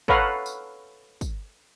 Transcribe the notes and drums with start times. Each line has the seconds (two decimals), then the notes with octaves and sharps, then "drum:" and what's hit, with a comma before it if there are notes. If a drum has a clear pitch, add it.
0.08 A4 B4 C#5 F5 F#5 A#5, drum: kick
0.46 drum: tambourine
1.21 drum: kick, tambourine